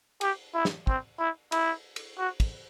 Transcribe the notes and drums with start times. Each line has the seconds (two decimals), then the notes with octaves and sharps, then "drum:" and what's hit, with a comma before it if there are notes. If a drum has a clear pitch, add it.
0.21 G4, drum: cymbal
0.54 E4
0.65 drum: snare
0.87 C4, drum: kick
1.19 E4
1.52 E4, drum: cymbal
1.96 drum: cymbal
2.18 F#4
2.40 drum: kick, cymbal